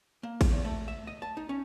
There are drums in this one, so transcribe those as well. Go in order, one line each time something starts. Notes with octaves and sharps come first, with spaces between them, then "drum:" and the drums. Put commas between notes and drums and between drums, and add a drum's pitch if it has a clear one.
A#3
drum: kick, cymbal
E2
A3
E5
D#5
A5
D#4
C#4